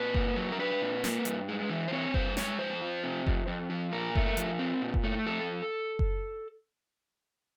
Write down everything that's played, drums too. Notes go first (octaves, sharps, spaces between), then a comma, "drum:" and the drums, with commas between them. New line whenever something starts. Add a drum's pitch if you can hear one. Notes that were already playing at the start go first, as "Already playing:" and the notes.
Already playing: A#2 B4
A#3, drum: kick F#1
F#3
A#4
D4 B4
A#2
A#3, drum: snare
G2, drum: hi-hat
G#3
E3
C5
C4 C#5
G2 C5, drum: kick F#1
G#3 C#5, drum: snare
F2 C5
F3
C3
F2, drum: kick F#1
F2
F3
A#2 A#4
A3, drum: kick F#1
F3, drum: hi-hat
C4
A#2
drum: kick F#1
A3
F2 A4
drum: kick F#1